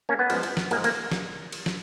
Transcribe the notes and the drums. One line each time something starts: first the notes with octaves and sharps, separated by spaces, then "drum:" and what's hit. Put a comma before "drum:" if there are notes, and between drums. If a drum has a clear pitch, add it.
A#3 C#4
B3
F#2 F3 G#3, drum: cymbal
drum: cymbal
drum: snare
G#2 F3 G#3 A#3, drum: cymbal
A#3, drum: cymbal
drum: snare
drum: cymbal
drum: snare